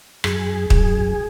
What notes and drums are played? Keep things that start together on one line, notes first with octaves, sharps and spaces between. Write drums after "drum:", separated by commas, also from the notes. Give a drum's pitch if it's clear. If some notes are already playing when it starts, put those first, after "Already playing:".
F#2 G#4, drum: rim click
F#2, drum: kick